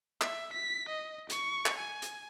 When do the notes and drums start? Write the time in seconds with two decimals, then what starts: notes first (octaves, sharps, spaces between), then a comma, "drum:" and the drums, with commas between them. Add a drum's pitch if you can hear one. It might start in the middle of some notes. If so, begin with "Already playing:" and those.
0.21 E5, drum: clap
0.53 B6
0.89 D#5
1.30 C#6, drum: hi-hat
1.66 drum: clap
1.78 G#5
2.02 drum: hi-hat